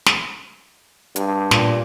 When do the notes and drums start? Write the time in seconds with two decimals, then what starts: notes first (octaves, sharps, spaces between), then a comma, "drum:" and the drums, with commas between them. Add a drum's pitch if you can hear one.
0.06 drum: snare
1.16 G2, drum: hi-hat
1.51 A#2, drum: snare